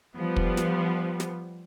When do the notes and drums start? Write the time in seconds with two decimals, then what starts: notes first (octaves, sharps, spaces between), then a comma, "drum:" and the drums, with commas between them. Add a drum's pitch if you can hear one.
0.16 F3 G3 B3
0.36 drum: kick
0.57 drum: snare
1.20 drum: snare